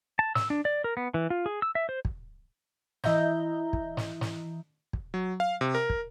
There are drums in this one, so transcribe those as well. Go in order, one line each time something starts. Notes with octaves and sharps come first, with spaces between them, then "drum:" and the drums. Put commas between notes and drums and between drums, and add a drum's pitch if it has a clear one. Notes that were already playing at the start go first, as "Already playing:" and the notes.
A5
E6, drum: snare
D4
D5
A#4
B3
E3
F4
G#4
E6
E5
C5
drum: kick
E3 E4 D#5 E5 A#5 G6, drum: snare
drum: kick
drum: snare
drum: snare
drum: kick
F#3
F5
C3
A#4
drum: kick